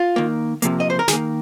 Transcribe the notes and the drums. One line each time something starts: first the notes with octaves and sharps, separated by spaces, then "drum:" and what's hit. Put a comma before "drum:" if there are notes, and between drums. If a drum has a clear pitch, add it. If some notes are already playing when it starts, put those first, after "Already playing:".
Already playing: F4
D#3 A#3
C3 F3 A#3, drum: hi-hat
D#5
C5
A#4
D#3 G#4, drum: snare
A#3